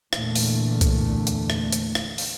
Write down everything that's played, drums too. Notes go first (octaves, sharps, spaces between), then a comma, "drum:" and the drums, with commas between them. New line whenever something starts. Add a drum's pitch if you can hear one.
E2 A#2 D3 A3, drum: rim click
drum: open hi-hat
drum: kick, hi-hat
drum: hi-hat
drum: rim click
drum: hi-hat
drum: rim click
drum: open hi-hat